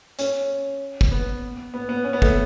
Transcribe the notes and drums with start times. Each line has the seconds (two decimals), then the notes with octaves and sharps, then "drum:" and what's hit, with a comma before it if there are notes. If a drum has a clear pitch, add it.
0.19 C#4, drum: hi-hat
1.01 drum: kick
1.11 B3
1.74 B3
1.89 B3
2.04 C#4
2.13 B3
2.22 A3, drum: kick